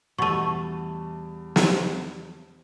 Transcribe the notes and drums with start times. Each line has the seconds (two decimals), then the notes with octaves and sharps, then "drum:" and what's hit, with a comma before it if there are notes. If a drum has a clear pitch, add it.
0.18 E2 B2 G3 A3 A5 C#6 D#7
1.56 drum: snare